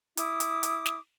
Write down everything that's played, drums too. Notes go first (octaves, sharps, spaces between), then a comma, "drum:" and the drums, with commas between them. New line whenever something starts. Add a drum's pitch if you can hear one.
E4 D6 D#6, drum: hi-hat
drum: hi-hat
drum: hi-hat
drum: snare